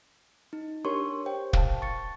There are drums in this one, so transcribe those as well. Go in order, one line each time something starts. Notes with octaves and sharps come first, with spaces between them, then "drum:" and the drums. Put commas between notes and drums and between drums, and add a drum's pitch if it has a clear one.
D#4
D4 G4 A#4 C#5 C6 C#6
C5 G5
F5 A5, drum: kick
C#6 A6 C#7